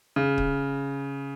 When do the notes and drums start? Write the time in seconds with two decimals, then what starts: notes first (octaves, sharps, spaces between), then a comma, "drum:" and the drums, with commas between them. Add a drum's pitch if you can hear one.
0.16 C#3
0.38 drum: kick C#1